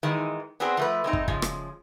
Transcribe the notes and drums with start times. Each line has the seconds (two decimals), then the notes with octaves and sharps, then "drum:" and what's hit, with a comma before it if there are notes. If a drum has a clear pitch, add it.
0.03 G#2 D#3 E3 G#3
0.60 B3 C4 D4 F#4 G#4 C5
0.77 F3 A3 B4
1.04 G#3 C4 D#4
1.13 drum: kick
1.28 C#3 F3 G#3, drum: kick
1.42 drum: rim click